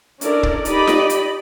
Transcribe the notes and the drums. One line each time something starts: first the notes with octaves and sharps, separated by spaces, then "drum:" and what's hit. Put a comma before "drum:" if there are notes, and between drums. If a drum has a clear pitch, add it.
C#4 D4 E4 A4 A#4 D5, drum: hi-hat
drum: kick
D#4 G4 D5 D#5 B5, drum: hi-hat
drum: snare F4
drum: hi-hat